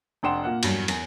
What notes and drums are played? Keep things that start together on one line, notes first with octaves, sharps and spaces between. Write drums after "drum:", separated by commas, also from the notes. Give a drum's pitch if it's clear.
F1 D4 F#5 G5 C6 E7
A#2 A#3 F#5
E2 G2 F#3, drum: cymbal
E2, drum: cymbal